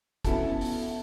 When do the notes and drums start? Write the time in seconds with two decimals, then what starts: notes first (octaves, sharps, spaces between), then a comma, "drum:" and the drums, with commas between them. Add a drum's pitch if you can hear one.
0.24 B3 C#4 E4 F#4 A4, drum: kick, hi-hat
0.61 drum: open hi-hat